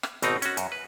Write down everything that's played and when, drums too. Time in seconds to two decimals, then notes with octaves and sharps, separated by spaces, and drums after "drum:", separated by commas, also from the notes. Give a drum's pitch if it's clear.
0.03 drum: rim click
0.22 G#1 B2 C4 D#4 A#5, drum: hi-hat
0.42 C#4 F#4, drum: hi-hat
0.57 F#2, drum: hi-hat
0.72 B4